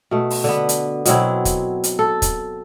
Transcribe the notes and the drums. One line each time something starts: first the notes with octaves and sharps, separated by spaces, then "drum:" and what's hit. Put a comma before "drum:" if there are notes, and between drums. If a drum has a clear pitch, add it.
B2 A3
drum: open hi-hat
D3 B3
drum: hi-hat
B2 F#3 C4 E4, drum: hi-hat
drum: kick, hi-hat
drum: hi-hat
A4
drum: kick, hi-hat